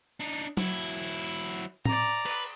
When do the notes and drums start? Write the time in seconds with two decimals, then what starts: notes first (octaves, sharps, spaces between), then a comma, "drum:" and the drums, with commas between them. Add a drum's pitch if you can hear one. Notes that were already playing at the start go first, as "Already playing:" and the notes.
0.20 D4 D#4
0.57 F#3 E4, drum: tom F#3
1.85 D5 A#5, drum: tom A2
2.26 B4, drum: cymbal